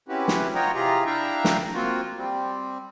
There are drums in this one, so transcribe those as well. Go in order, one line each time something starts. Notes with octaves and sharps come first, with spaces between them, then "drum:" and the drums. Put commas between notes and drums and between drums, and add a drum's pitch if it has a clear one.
C4 C#4 E4 F#4 G4 B4
drum: snare
F4 F#4 C#5 D#5 G5 A#5
C3 E3 F4 G4 G#4 A#5
D4 E4 E5 F5 G5 A#5
drum: snare
A#3 C4 F4 F#4
G3 C4